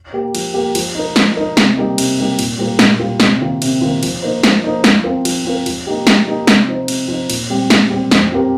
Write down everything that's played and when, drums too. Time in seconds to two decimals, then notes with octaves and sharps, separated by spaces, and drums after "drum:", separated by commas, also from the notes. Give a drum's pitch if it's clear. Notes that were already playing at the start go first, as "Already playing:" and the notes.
0.13 A#3 G4
0.35 F3, drum: cymbal
0.54 A#3 G4
0.75 F3, drum: cymbal
0.95 D#4 A#4
1.16 F3, drum: snare
1.37 D#4 A#4
1.57 C3, drum: snare
1.77 G3 A#3 D#4
1.98 C3, drum: cymbal
2.19 G3 A#3 D#4
2.39 A#2, drum: cymbal
2.58 G3 A#3 F4 A#4
2.79 A#2, drum: snare
2.99 G3 A#3 F4 A#4
3.20 C3, drum: snare
3.41 D#3 A#3 F4
3.62 C3, drum: cymbal
3.82 D#3 A#3 F4
4.03 F3, drum: cymbal
4.22 A#3 D#4 C5
4.43 F3, drum: snare
4.64 A#3 D#4 C5
4.84 F3, drum: snare
5.04 C4 F4 A#4
5.25 F3, drum: cymbal
5.45 C4 F4 A#4
5.66 F3, drum: cymbal
5.87 A#3 D#4 G4
6.07 F3, drum: snare
6.27 A#3 D#4 G4
6.47 C3, drum: snare
6.68 F3 D#4 C5
6.88 C3, drum: cymbal
7.08 F3 D#4 C5
7.30 A#2, drum: cymbal
7.50 G3 C4 G4
7.70 A#2, drum: snare
7.90 G3 C4 G4
8.11 F2, drum: snare
8.32 F3 C4 G4 A#4